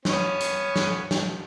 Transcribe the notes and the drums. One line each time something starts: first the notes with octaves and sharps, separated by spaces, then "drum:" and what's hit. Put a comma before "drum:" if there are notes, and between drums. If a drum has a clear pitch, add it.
B3 C#4, drum: snare
drum: hi-hat
drum: snare
drum: snare